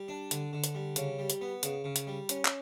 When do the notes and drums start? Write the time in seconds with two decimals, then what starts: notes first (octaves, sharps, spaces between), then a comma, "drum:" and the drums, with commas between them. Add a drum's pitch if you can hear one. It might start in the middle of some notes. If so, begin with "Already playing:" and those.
Already playing: G3
0.08 D4
0.31 D3, drum: hi-hat
0.53 D3
0.64 drum: hi-hat
0.75 G3
0.96 C#3, drum: hi-hat
1.19 G3
1.30 drum: hi-hat
1.41 B3
1.63 C#3, drum: hi-hat
1.84 C#3
1.96 drum: hi-hat
2.07 G3
2.29 C#4, drum: hi-hat
2.45 drum: clap